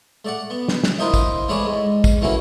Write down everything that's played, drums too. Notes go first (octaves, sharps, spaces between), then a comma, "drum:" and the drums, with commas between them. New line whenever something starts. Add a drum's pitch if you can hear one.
A3 D5 F#5
B3
drum: snare
drum: snare
E4 F4 A#4 C5 D#5 E5
drum: kick, tambourine
E3 G#3 A3 B4 C#5 D5
G#2
drum: kick, tambourine
E3 A3 A#3 C#4 E4 F#4